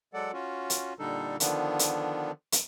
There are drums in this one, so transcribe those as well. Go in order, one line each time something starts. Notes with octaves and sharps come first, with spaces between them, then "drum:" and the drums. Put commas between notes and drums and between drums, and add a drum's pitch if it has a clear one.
F#3 G#3 A4 D5 F#5
C#4 F4 F#4
drum: hi-hat
A#2 D3 G3 D4 D#4 A4
D3 D#3 F3 B3 D4, drum: hi-hat
drum: hi-hat
drum: hi-hat